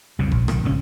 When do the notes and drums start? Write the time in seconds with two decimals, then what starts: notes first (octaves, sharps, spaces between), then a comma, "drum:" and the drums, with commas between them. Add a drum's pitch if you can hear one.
0.19 C2 F#2 C#3
0.32 A#1, drum: kick F1
0.48 B1 D#3, drum: rim click
0.63 G#1 C#2 D#3 C#4